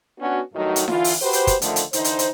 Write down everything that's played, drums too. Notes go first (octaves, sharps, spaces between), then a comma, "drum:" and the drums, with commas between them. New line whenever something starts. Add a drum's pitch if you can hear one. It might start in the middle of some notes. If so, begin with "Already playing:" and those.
B3 C#4 D4 F#4
G2 D#3 F#3 A3 D#4 F#4
drum: hi-hat
D3 E3 F4, drum: snare D#4
drum: open hi-hat
F#4 G4 B4 C5
drum: hi-hat
drum: kick, hi-hat
D3 D#3 F3 A3, drum: hi-hat
drum: hi-hat
D3 E3 D#4 C5, drum: hi-hat
drum: hi-hat
drum: hi-hat